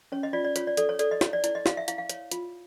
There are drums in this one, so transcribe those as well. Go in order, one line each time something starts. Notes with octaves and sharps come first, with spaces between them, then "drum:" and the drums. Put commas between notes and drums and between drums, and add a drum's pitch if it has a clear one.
C#4 C#5
D#5
F4 D5
D5
F4 C#5, drum: hi-hat
D5
A4 D5, drum: hi-hat
C#5
A4 D5, drum: hi-hat
D#5
E4 C#5, drum: snare
D5
E4 D5, drum: hi-hat
D#5
E4 F5, drum: snare
E5
E4 F5, drum: hi-hat
F5
C#5, drum: hi-hat
F4, drum: hi-hat